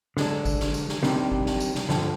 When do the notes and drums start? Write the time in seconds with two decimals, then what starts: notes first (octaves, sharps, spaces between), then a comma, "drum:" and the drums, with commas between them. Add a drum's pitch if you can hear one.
0.17 D3 G#3 D4, drum: snare
0.45 drum: kick G#1, tambourine
0.60 drum: snare
0.74 drum: tambourine
0.88 drum: snare
1.03 C3 D#3 G3 D4, drum: snare
1.32 drum: kick G#1
1.46 drum: snare
1.60 drum: tambourine
1.75 drum: snare
1.89 G2 D3 F3, drum: snare